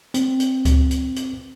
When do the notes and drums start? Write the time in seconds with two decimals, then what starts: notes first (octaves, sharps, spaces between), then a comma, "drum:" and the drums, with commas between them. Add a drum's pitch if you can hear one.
0.14 C4, drum: hi-hat
0.40 drum: hi-hat
0.65 drum: kick C#2, hi-hat
0.91 drum: hi-hat
1.16 drum: hi-hat